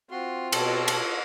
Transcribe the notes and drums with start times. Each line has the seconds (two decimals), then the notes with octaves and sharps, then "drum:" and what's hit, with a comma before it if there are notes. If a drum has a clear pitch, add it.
0.11 C4 F4 F#4 C6
0.53 B2 A4 C#5 A5, drum: cymbal
0.88 drum: cymbal